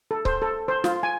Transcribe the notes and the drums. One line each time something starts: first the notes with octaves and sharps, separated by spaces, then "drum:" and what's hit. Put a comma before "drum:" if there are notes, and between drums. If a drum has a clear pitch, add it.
A4
C5, drum: kick C#1
A4
C5
F4, drum: snare
G#5